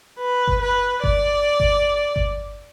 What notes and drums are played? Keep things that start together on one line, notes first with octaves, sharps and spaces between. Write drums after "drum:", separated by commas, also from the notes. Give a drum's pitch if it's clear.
B4
drum: kick G1
B4
D5, drum: kick G1
drum: kick G1
drum: kick G1